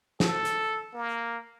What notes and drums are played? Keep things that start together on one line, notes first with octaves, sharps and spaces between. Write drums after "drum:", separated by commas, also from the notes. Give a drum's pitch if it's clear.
A4, drum: snare
drum: hi-hat
A#3